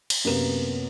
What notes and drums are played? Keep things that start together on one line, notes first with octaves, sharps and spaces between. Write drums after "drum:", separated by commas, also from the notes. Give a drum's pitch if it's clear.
drum: cymbal
F#2 C3 A#3 B3 B4 E7